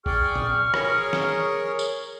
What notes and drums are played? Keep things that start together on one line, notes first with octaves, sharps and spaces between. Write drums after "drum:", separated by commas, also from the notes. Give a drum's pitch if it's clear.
G#4 D5 G5 C#6 F6, drum: kick G#1
drum: tom A#2
G#4 A#4 C#5, drum: rim click
drum: snare
drum: tambourine